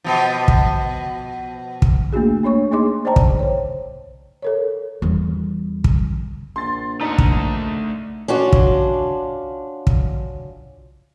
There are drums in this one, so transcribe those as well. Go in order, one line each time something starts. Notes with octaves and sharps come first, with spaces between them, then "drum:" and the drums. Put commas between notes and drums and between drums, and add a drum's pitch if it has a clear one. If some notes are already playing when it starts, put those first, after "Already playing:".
B2 F3
drum: kick
drum: kick
A3 A#3 D4 F#4 G#4
A#3 D4 C#5 C#6
A#3 D#4 G#4 D#5 C6 D6
C5 D5 D#5 G5 A5 A#5
drum: kick
C5 C#5
A4 A#4 C#5
E2 G3
drum: kick
A#1 C6 A6
A3 D4 D#4 F#5 A#5
drum: kick
C#4 D4 F4 F#4
drum: kick
drum: kick